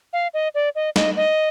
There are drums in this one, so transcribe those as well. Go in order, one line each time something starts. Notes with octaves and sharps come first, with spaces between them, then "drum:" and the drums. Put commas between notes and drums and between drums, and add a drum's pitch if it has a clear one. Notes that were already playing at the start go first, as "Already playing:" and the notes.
F5
D#5
D5
D#5
D#5, drum: snare
D#5